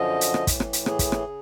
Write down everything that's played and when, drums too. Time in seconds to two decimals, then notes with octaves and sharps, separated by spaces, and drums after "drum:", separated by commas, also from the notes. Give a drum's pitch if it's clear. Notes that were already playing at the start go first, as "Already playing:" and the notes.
Already playing: F#2 D3 F3 D#5
0.21 drum: hi-hat
0.34 drum: rim click
0.47 A2 E3, drum: kick, hi-hat
0.60 drum: rim click
0.73 drum: hi-hat
0.86 G#4, drum: rim click
0.99 drum: kick, hi-hat
1.12 drum: rim click
1.27 C#3